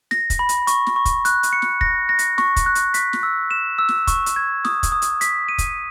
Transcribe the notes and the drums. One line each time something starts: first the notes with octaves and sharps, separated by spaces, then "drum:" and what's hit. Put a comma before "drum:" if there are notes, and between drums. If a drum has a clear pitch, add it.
A#6, drum: snare
drum: kick, hi-hat
B5
drum: hi-hat
C#6, drum: hi-hat
drum: snare
C#6
drum: kick, hi-hat
F#6, drum: hi-hat
drum: hi-hat
C#7
drum: snare
A#6, drum: kick
A#6
drum: hi-hat
C#6, drum: snare
drum: kick, hi-hat
F#6
drum: hi-hat
B6, drum: hi-hat
drum: snare
E6
E7
E6
drum: snare
C#6, drum: kick, hi-hat
drum: hi-hat
G#6
D#6, drum: snare
drum: kick, hi-hat
D#6
drum: hi-hat
B6, drum: hi-hat
D#7
drum: kick, hi-hat